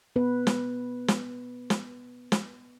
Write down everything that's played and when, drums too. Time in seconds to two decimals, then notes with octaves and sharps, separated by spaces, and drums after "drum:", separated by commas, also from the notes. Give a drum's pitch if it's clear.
0.16 B3 B4
0.47 drum: snare
1.08 drum: snare
1.70 drum: snare
2.32 drum: snare